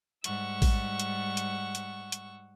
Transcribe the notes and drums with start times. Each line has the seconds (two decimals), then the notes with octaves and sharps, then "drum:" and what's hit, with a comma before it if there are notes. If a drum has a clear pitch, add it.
0.24 G#2 G3 F#5 C#6 E6, drum: hi-hat
0.62 drum: kick A1, open hi-hat
1.00 drum: hi-hat
1.37 drum: hi-hat
1.75 drum: hi-hat
2.12 drum: hi-hat